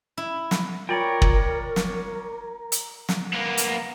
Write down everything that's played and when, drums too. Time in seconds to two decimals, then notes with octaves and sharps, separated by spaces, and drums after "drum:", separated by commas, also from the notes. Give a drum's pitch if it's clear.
0.17 E4
0.51 drum: snare
0.89 F4 A#4 C#5 D5 G5
1.22 drum: kick
1.76 drum: snare
2.72 drum: hi-hat
3.09 drum: snare
3.34 A#3 B3
3.57 drum: hi-hat